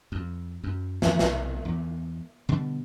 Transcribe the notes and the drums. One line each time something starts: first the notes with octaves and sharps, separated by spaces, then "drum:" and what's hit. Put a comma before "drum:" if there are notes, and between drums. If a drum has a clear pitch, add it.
F2
F#2
F2 D#3 E3, drum: snare
B1 C3, drum: snare
E2
B2 D3 G3